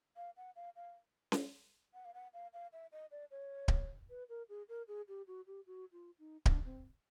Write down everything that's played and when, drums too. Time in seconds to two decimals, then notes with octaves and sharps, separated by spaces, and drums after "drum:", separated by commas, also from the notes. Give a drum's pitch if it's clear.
0.17 F5
0.37 F#5
0.56 F5
0.76 F5
1.32 drum: snare C#4
1.94 F#5
2.05 F5
2.14 F#5
2.33 F5
2.53 F5
2.73 E5
2.92 D#5
3.11 D5
3.31 C#5
3.68 drum: kick D1
4.10 B4
4.29 A#4
4.49 G#4
4.69 A#4
4.88 G#4
5.08 G4
5.27 F#4
5.47 G4
5.67 F#4
5.92 F4
6.19 D#4
6.46 D4, drum: kick D1
6.65 C4